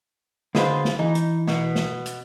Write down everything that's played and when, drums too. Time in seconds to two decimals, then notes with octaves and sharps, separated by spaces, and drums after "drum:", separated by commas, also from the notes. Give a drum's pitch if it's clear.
0.55 D3 F#3 G#3 F4 B4 C5, drum: snare
0.85 drum: snare
0.99 E3 D#4
1.15 drum: hi-hat
1.47 B2 B3, drum: snare
1.75 drum: snare
2.06 drum: hi-hat